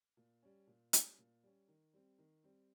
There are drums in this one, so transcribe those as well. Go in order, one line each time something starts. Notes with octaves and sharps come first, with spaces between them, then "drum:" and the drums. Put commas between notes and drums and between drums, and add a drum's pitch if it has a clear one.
A#2
G3 C#4
A#2
G3 C#4, drum: hi-hat
A#2
G3 C#4
D#3
G3 C4
D#3
G3 C4